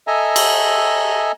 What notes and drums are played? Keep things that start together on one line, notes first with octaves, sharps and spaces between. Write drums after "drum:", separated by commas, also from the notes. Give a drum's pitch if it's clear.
A4 D#5 E5 G#5 A#5
drum: cymbal